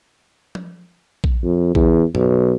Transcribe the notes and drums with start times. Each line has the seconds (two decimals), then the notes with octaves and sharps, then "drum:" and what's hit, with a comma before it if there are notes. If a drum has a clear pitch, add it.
0.55 drum: tom F3
1.24 drum: kick A#1
1.44 F2
1.75 E2, drum: kick A#1
2.15 B1, drum: tom F#2